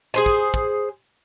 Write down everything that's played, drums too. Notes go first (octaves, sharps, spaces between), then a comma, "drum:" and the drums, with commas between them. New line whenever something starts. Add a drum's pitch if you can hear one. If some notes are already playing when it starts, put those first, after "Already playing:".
G#4 C5 G#5
drum: kick
drum: kick